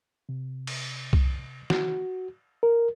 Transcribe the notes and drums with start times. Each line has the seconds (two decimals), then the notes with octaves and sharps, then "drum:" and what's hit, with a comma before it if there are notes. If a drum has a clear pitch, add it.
0.29 C3
0.67 drum: cymbal
1.13 drum: kick C2
1.70 F#4, drum: snare
2.63 A#4